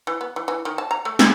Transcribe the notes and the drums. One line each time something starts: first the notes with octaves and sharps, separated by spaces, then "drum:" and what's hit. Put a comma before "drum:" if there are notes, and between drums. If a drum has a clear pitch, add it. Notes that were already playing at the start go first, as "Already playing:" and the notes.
E3
B3
E3
E3
D#3
A5
A#5
A3
A3, drum: snare